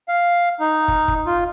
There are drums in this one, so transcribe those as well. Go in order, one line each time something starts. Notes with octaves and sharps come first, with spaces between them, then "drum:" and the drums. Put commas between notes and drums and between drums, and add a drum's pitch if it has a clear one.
F5
D#4
drum: kick
drum: kick
F4